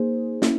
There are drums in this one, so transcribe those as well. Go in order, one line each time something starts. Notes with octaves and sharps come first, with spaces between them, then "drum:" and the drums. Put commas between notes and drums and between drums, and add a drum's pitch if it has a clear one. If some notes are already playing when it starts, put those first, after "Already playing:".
Already playing: A#3 D#4 G#4 C5
A#3 C#4 E4, drum: snare